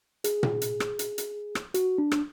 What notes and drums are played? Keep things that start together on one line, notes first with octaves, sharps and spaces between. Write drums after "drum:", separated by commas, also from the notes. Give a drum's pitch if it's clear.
G#4, drum: hi-hat
drum: tom A#2
drum: hi-hat
drum: rim click
drum: hi-hat
drum: hi-hat
drum: rim click
F#4, drum: hi-hat
D4
drum: rim click